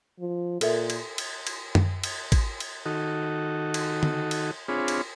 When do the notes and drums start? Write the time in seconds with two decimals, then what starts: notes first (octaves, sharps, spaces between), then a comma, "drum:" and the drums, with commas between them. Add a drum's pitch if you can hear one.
0.20 F3
0.61 A#2 A4 A#4 E5, drum: cymbal
0.90 drum: cymbal
1.18 drum: cymbal
1.47 drum: cymbal
1.75 drum: tom F#2
2.04 drum: cymbal
2.32 drum: kick, cymbal
2.60 drum: cymbal
2.86 D#3 D#4 F#4 A4
3.74 drum: cymbal
4.03 drum: tom D3
4.31 drum: cymbal
4.68 C4 D4 F4 G#4 C#5 B5
4.88 drum: cymbal